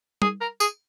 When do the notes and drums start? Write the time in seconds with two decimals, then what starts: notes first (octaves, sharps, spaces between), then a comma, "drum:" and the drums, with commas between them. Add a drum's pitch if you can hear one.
0.22 G#4, drum: tom
0.41 A#4
0.60 G#4, drum: tambourine